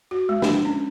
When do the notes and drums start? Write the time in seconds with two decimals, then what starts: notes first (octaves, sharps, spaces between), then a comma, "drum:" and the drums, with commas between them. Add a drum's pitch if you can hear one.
0.11 F#4
0.29 G#3
0.42 D4, drum: snare
0.65 C#4